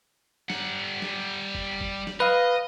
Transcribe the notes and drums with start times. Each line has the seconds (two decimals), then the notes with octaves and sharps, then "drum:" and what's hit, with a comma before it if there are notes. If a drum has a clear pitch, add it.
0.50 G3 F#5, drum: snare
1.02 drum: snare
1.55 drum: kick F1
1.81 drum: kick F1
2.07 drum: snare
2.20 B4 D#5 F5